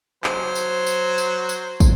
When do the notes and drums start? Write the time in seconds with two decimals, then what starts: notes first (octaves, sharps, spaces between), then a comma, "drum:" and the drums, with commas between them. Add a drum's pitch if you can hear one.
0.24 F#3 C5, drum: clap
0.55 drum: tambourine
0.87 drum: tambourine
1.18 drum: tambourine
1.49 drum: tambourine
1.80 drum: kick, tambourine